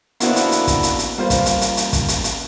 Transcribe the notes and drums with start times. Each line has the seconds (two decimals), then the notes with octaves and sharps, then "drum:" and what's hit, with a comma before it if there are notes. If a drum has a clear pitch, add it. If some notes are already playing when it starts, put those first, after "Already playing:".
0.20 A#3 B3 D4 E4 F#4 C5, drum: hi-hat
0.36 drum: hi-hat
0.52 drum: hi-hat
0.67 drum: kick, hi-hat
0.83 drum: hi-hat
0.99 drum: hi-hat
1.18 G3 A#3 F4 B4 C5
1.30 drum: kick, hi-hat
1.46 drum: hi-hat
1.61 drum: hi-hat
1.77 drum: hi-hat
1.93 drum: kick, hi-hat
2.08 drum: hi-hat
2.24 drum: hi-hat